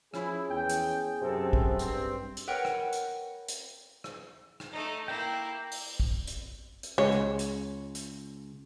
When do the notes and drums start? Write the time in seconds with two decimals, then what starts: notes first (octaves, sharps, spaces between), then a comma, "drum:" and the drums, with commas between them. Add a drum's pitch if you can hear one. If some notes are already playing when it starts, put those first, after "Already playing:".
0.14 F3 C#4 E4 G#4, drum: rim click
0.49 E2 G5
0.69 drum: hi-hat
1.21 F#2 C3 B3 C4 A4
1.53 drum: kick
1.79 G2 C4, drum: hi-hat
2.37 drum: hi-hat
2.48 A#4 B4 C#5 F#5 G5
2.65 drum: rim click
2.93 drum: hi-hat
3.48 drum: hi-hat
4.04 drum: rim click
4.60 drum: rim click
4.72 A3 D#4
5.08 A#3 E4 G5
5.72 drum: open hi-hat
6.00 drum: kick
6.27 drum: hi-hat
6.83 drum: hi-hat
6.98 C#2 G#3 C#5
7.11 drum: rim click
7.39 drum: hi-hat
7.95 drum: hi-hat